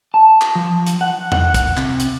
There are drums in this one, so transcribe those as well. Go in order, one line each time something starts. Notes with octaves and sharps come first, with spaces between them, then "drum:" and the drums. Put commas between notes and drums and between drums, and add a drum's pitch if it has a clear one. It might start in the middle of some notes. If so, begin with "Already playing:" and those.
A5
drum: clap
F3
drum: hi-hat
F#5
F#5, drum: tom E2
drum: kick, hi-hat
C3, drum: clap
drum: hi-hat